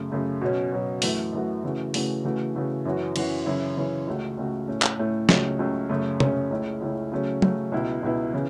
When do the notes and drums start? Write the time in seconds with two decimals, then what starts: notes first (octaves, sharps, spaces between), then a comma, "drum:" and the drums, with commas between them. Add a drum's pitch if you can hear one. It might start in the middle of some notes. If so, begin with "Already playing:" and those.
Already playing: F#2 C#3 A3
0.12 F#2 C#3 A3
0.41 B2 F#3 C#4
0.72 B2 F#3 C#4
1.02 F#2 E3 A3 F#4, drum: open hi-hat
1.33 F#2 E3 A3 F#4
1.63 C#3 E3 A3 F#4
1.94 C#3 E3 A3 F#4, drum: open hi-hat
2.24 C#3 E3 A3 F#4
2.55 C#3 E3 A3 F#4
2.85 F#2 E3 C#4 F#4
3.16 F#2 E3 C#4 F#4, drum: cymbal
3.46 F#2 C#3 E3 C#4 E4
3.77 F#2 C#3 E3 C#4 E4
4.07 C#2 C#3 A3 F#4
4.37 C#2 C#3 A3 F#4
4.68 A2 A3 C#4
4.82 drum: clap
4.98 A2 A3 C#4
5.29 C#2 C#3 F#3 A3 C#4, drum: snare
5.59 C#2 C#3 F#3 A3 C#4
5.89 F#2 C#3 A3 C#4
6.20 F#2 C#3 A3 C#4, drum: tom C3
6.51 C#2 C#3 A3 C#4 E4
6.81 C#2 C#3 A3 C#4 E4
7.12 C#3 F#3 A3 C#4
7.42 C#3 F#3 A3 C#4, drum: tom
7.72 C#2 B2 B3 E4
8.03 C#2 B2 B3 E4
8.34 C#3 E3 C#4